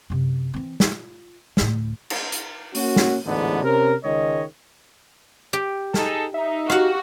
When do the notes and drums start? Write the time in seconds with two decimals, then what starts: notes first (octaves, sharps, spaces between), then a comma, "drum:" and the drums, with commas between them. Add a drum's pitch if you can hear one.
0.10 F#2 C3
0.54 E3 C4
0.80 F4, drum: snare
1.57 D2 A2, drum: snare
2.10 drum: cymbal
2.32 drum: hi-hat
2.75 A#3 C#4 F#4, drum: open hi-hat
2.96 drum: snare
3.26 A1 E2 G#2 D3 B3
3.63 C3 C#4 A#4
4.04 C#2 D#3 G#3 C#5 D#5
5.53 G4
5.94 D#4 G#4 A4, drum: snare
6.34 D#4 E5
6.70 F#4 G4 F5 F#5, drum: rim click